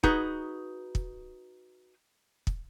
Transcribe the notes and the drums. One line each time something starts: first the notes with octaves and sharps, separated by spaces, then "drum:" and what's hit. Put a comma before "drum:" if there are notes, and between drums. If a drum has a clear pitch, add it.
D#4 F#4 G#4 B4, drum: kick
drum: kick
drum: kick